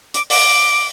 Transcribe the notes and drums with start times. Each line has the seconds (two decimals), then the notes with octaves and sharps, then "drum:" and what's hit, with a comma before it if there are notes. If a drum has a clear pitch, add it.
0.14 D6, drum: hi-hat
0.30 D6, drum: open hi-hat